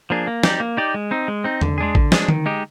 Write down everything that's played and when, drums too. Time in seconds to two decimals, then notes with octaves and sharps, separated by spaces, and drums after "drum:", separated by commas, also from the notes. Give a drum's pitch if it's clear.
0.10 F3 A#3 D4 G#4
0.27 A#3
0.43 D#4 G4 D5, drum: snare
0.60 A#3
0.77 D#4 G4 D5
0.94 G#3
1.11 C4 D#4
1.28 G#3
1.44 C4 D#4
1.61 D3, drum: tom E2
1.78 G#3 D4 G#4
1.95 D3, drum: kick A1
2.12 G#3 D4 G#4, drum: snare
2.28 D#3, drum: tom D3
2.46 G#3 D#4 G4